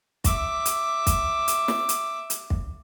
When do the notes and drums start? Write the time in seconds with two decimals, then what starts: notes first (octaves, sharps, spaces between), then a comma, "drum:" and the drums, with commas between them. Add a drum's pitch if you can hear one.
0.24 E5 D6, drum: kick, hi-hat
0.65 drum: hi-hat
1.07 drum: kick, hi-hat
1.48 drum: hi-hat
1.68 drum: snare
1.89 drum: hi-hat
2.30 drum: hi-hat
2.50 drum: kick